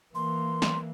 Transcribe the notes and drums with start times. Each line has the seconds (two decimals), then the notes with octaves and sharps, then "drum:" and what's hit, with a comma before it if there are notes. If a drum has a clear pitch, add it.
0.15 E3 A#3 C6
0.62 drum: snare